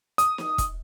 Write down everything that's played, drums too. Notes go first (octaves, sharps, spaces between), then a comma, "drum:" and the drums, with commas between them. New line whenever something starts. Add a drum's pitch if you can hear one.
D#6, drum: hi-hat
drum: snare
drum: kick E1, hi-hat